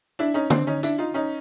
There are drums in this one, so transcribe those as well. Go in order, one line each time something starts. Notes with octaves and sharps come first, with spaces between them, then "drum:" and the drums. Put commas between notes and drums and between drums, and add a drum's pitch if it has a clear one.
D4 E4
C#4 D#4
C4 D4, drum: tom
C#4 D#4
D4 E4, drum: tambourine
D#4 F4
C#4 D#4